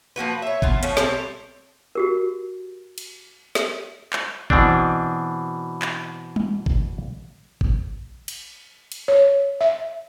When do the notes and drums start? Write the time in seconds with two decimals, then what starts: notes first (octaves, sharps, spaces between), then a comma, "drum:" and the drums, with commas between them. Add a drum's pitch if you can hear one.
0.16 F3 A#3 F#4 B4
0.42 C#5 E5
0.62 A3 B3 F4, drum: kick G#1
0.83 F3 A3 C#4, drum: hi-hat
0.97 G3 C4 A4 C#5, drum: snare
1.95 F#4 G4 A#4
2.98 drum: cymbal
3.55 drum: snare
4.13 drum: clap
4.50 B2 E3 C4 D4, drum: kick G#1
5.82 drum: clap
6.36 drum: tom
6.66 drum: kick G#1
7.61 drum: kick G#1
8.28 drum: cymbal
8.92 drum: cymbal
9.08 C#5
9.61 E5